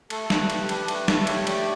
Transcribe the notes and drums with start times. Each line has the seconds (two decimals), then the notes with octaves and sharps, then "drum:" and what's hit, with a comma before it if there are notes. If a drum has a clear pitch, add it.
0.10 A3 A4, drum: cymbal
0.30 A3 B4, drum: snare
0.50 G4 B4, drum: cymbal
0.63 A4
0.69 D4 B4, drum: cymbal
0.88 A3 B4, drum: cymbal
1.08 A3 A4, drum: snare
1.23 B4
1.27 G4 C#5, drum: cymbal
1.47 A3 D5, drum: cymbal